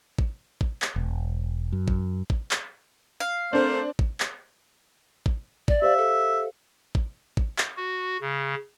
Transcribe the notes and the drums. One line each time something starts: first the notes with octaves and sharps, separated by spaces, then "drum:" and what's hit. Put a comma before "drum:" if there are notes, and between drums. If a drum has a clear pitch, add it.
drum: kick
drum: kick
drum: clap
E1
F#2
drum: kick
drum: kick
drum: clap
F5
A3 C4 D4 A#4 C5
drum: kick
drum: clap
drum: kick
D5, drum: kick
G4 C5 E5 F5
A4
drum: kick
drum: kick
drum: clap
F#4
C#3